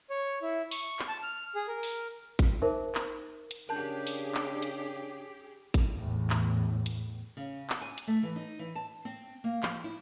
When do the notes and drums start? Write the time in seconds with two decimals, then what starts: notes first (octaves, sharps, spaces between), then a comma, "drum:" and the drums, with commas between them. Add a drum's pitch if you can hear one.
0.10 C#5
0.42 E4
0.71 C#6, drum: open hi-hat
0.99 drum: clap
1.09 A5
1.23 F6
1.55 G#4
1.67 A#4
1.83 drum: open hi-hat
2.39 drum: kick G#1, hi-hat
2.62 D#4 G#4 A#4 C5 E5
2.95 drum: clap
3.51 drum: hi-hat
3.69 C#3 D4 G4 G#4 A#4 A5 G6
4.07 drum: open hi-hat
4.35 drum: clap
4.62 drum: hi-hat
5.74 drum: kick G#1, hi-hat
5.96 E2 A2
6.30 drum: clap
6.86 drum: hi-hat
7.37 C#3
7.70 drum: clap
7.81 G#5
7.98 drum: hi-hat
8.07 A3
8.23 E3
8.36 D#4
8.59 E3
8.75 A5
9.05 C4
9.44 A#3
9.63 F3, drum: clap
9.84 E4